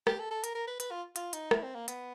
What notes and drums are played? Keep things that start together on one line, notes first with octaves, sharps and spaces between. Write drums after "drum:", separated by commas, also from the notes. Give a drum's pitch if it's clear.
G4, drum: rim click
A4
A4
A#4, drum: hi-hat
A#4
B4
B4, drum: hi-hat
F4
F4, drum: hi-hat
D#4, drum: hi-hat
E4, drum: rim click
C4
A#3
B3, drum: hi-hat